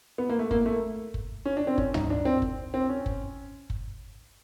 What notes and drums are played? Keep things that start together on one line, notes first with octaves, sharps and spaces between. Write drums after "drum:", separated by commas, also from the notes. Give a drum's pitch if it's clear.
B3
A#3
A3
A#3, drum: kick
A3
drum: kick
C#4
D4
C4
C#4, drum: kick
D#4, drum: tom
D4
C4
drum: kick
C4
C#4
drum: kick
drum: kick